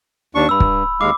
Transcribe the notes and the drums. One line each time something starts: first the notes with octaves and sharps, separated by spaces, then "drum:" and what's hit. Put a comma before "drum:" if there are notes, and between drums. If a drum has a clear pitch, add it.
D#2 D4 C#6
G2 B5 E6
drum: kick
D#2 G#3 F5 D6